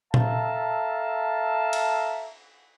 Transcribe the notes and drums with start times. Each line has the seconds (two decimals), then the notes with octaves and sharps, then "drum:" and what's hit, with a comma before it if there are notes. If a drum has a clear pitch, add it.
0.14 A4 E5 F5 A5 A#5, drum: tom A#2
1.73 drum: cymbal